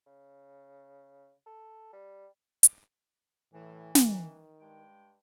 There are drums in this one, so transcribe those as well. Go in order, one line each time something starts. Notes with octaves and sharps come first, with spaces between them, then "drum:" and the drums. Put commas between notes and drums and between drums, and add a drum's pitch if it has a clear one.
C#3
A4
G3
drum: hi-hat
A2 E3
D#3, drum: snare
G2 G#3 G5